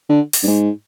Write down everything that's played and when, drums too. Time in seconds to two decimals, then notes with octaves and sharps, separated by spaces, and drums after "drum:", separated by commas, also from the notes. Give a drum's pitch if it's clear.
0.09 D3
0.33 drum: open hi-hat
0.42 G2
0.47 G#2